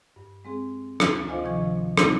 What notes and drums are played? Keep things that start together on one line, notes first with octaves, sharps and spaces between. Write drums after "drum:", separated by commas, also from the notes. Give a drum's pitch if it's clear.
G2
G#3 C4 G#4
drum: rim click
D2
F4 C5 D#5 F5 G#5 D6
C3 D#3 F3 D#5 C#6 G#6
G3 A3 C4 D#4 E4, drum: rim click